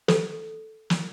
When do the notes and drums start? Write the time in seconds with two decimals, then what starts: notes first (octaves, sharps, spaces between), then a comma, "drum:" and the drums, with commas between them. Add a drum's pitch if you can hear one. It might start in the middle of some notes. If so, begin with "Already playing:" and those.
0.08 A4, drum: snare
0.90 drum: snare